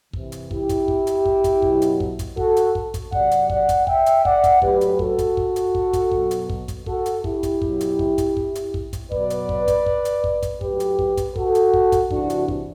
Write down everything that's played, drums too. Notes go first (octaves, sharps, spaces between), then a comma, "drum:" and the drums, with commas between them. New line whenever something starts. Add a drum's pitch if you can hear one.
C3 E3, drum: kick
drum: hi-hat
E4 G4, drum: kick
drum: kick, hi-hat
drum: kick
drum: hi-hat
drum: kick
drum: kick, hi-hat
B2 F#3, drum: kick
drum: hi-hat
drum: kick
drum: kick, hi-hat
F#4 A4, drum: kick
drum: hi-hat
drum: kick
drum: kick, hi-hat
C3 F#3 D5 F#5, drum: kick
drum: hi-hat
D5 F#5, drum: kick
drum: kick, hi-hat
E5 G5, drum: kick
drum: hi-hat
D5 F#5, drum: kick
drum: kick, hi-hat
A2 F#3 G4 B4, drum: kick
drum: hi-hat
F#4 A4, drum: kick
drum: kick, hi-hat
drum: kick
drum: hi-hat
drum: kick
drum: kick, hi-hat
B2 F#3, drum: kick
drum: hi-hat
drum: kick
drum: kick, hi-hat
F#4 A4, drum: kick
drum: hi-hat
E4 G4, drum: kick
drum: kick, hi-hat
B2 F#3, drum: kick
drum: hi-hat
drum: kick
drum: kick, hi-hat
drum: kick
drum: hi-hat
drum: kick
drum: kick, hi-hat
B2 F#3 B4 D5, drum: kick
drum: hi-hat
drum: kick
drum: kick, hi-hat
drum: kick
drum: hi-hat
drum: kick
drum: kick, hi-hat
A2 F#3 G4 B4, drum: kick
drum: hi-hat
drum: kick
drum: kick, hi-hat
F#4 A4, drum: kick
drum: hi-hat
drum: kick
drum: kick, hi-hat
C3 E3 D4 F#4, drum: kick
drum: hi-hat
drum: kick